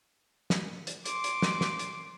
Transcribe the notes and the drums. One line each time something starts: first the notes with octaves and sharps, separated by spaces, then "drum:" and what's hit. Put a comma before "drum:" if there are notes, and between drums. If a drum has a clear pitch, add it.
drum: snare
drum: hi-hat
C6 D6, drum: hi-hat
drum: hi-hat
drum: snare
drum: snare
drum: hi-hat